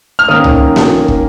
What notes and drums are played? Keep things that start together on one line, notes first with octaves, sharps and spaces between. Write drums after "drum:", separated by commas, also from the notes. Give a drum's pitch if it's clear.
F6
D#3 A#3 C#4 D#6
drum: tom C2
drum: snare A#3
drum: kick